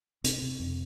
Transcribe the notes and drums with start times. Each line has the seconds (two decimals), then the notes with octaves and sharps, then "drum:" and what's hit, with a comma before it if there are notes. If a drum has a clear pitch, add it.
0.24 C3 C4, drum: hi-hat
0.42 C3
0.60 F2